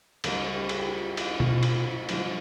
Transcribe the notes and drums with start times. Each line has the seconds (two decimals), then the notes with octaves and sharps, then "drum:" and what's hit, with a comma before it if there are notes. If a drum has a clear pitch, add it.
0.24 C#2 C#3 G3 A#4, drum: cymbal
0.55 G4
0.69 G#4, drum: cymbal
0.78 G4
0.86 F4
1.17 E4, drum: cymbal
1.40 F4, drum: tom B2
1.63 F4, drum: cymbal
1.86 F4
2.09 G1 G2 F3 F4, drum: cymbal